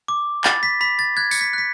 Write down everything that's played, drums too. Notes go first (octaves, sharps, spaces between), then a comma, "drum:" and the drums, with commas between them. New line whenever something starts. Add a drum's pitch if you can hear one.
D6
B5 A6, drum: clap
B6
B5 B6
A6
F#6 G#6
C#7, drum: tambourine
B6
F#6 B6